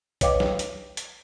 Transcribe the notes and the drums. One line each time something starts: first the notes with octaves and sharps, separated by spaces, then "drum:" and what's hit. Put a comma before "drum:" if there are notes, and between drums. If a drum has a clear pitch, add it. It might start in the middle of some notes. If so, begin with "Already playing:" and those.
B4 C#5 D#5 F5 G5 D6, drum: kick, hi-hat
drum: snare
drum: hi-hat
drum: hi-hat